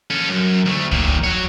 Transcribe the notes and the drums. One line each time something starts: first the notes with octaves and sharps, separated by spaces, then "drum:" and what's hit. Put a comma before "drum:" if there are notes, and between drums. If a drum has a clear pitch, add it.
C#4 A4
F#2
D2 A3
A#2 D#3, drum: kick
drum: kick
F#4 C#5